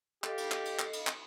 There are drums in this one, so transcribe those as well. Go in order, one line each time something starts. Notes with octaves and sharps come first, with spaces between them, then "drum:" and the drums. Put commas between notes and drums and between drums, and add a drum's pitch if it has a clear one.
G4 A4 D#5 F5, drum: clap
drum: cymbal
drum: clap
drum: cymbal
drum: clap
drum: cymbal
drum: clap